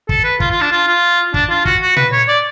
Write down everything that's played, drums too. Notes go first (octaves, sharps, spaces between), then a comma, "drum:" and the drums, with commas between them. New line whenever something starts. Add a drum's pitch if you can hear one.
A4, drum: kick
B4
F4, drum: kick
F4
D4
F4
F4
D4, drum: kick
F4
F#4, drum: kick
F#4
B4, drum: tom A#2
C#5
D5